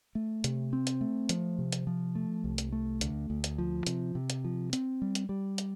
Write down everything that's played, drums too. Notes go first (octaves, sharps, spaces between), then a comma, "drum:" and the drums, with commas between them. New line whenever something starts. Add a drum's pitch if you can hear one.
A3
C3, drum: hi-hat
C4
drum: hi-hat
A3
F3, drum: hi-hat
C3
drum: hi-hat
F3
A3
C2
drum: hi-hat
A3
D2, drum: hi-hat
D2
drum: hi-hat
F3
C3, drum: hi-hat
C3
drum: hi-hat
F3
C4, drum: hi-hat
G3
drum: hi-hat
G3
drum: hi-hat